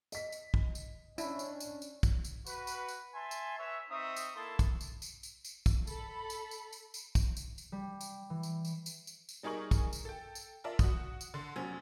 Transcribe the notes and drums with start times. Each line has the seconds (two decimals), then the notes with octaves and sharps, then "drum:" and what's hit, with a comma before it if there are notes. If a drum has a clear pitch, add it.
0.12 D#5 B6, drum: tambourine
0.32 drum: tambourine
0.54 drum: kick
0.75 drum: tambourine
1.18 C#4 D4 E4, drum: tambourine
1.39 drum: tambourine
1.60 drum: tambourine
1.82 drum: tambourine
2.03 drum: kick, tambourine
2.24 drum: tambourine
2.46 F#4 B4, drum: tambourine
2.67 drum: tambourine
2.88 drum: tambourine
3.15 E5 G#5 A5 C6
3.31 drum: tambourine
3.59 B4 C#5 E5
3.90 C4 D#4 E5 C#6 D#6
4.17 drum: tambourine
4.35 A#3 E4 A4 A5 C6
4.59 drum: kick, tambourine
4.81 drum: tambourine
5.02 drum: tambourine
5.23 drum: tambourine
5.45 drum: tambourine
5.66 drum: kick, tambourine
5.87 A4 B5, drum: tambourine
6.30 drum: tambourine
6.51 drum: tambourine
6.73 drum: tambourine
6.94 drum: tambourine
7.15 drum: kick, tambourine
7.37 drum: tambourine
7.58 drum: tambourine
7.72 G3
8.01 drum: tambourine
8.30 E3
8.43 drum: tambourine
8.65 drum: tambourine
8.86 drum: tambourine
9.07 drum: tambourine
9.29 drum: tambourine
9.43 G3 D#4 G#4 A#4 C#6 F#7
9.71 drum: kick, tambourine
9.93 drum: tambourine
10.05 A4 G5
10.35 drum: tambourine
10.64 F4 A#4 D5 E5 A5
10.79 F#4 D#6, drum: kick, tambourine
11.21 drum: tambourine
11.34 D3 C6
11.56 F1 F#3 C#4 C5